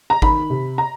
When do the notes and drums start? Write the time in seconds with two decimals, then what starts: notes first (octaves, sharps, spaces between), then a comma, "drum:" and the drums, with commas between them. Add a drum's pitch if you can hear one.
0.10 A#5
0.22 D#3 B5, drum: kick G#1
0.50 C3
0.78 A#5